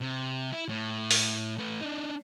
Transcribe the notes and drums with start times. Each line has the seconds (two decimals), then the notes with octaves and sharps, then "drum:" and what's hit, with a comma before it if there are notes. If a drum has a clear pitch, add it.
0.01 C3
0.53 E4
0.69 A2
1.11 drum: open hi-hat
1.58 A3 B4
1.81 D4 D#4